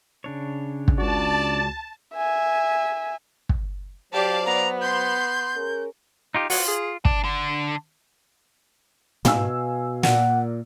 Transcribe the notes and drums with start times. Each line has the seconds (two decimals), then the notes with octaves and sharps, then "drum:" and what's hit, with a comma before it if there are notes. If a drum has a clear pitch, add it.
0.24 C#3 D4 C#5
0.88 drum: kick
0.98 C#2 F#4 D5 A5
2.15 E5 G#5
3.49 drum: kick
4.13 F#3 G4 C5 D5 F5 A5
4.46 B3 A#5
4.81 C6 G6
5.56 C#4 G#4 A#4
6.35 D#4 F4 G4
6.50 F4 F#4, drum: open hi-hat
6.68 G#4
7.05 D4, drum: kick
7.24 D3
9.25 B2 F5 G#5 E6, drum: tom
10.03 A#2 F#5, drum: snare